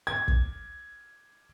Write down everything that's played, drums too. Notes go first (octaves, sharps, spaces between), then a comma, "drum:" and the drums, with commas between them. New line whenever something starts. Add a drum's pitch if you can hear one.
G#6
drum: kick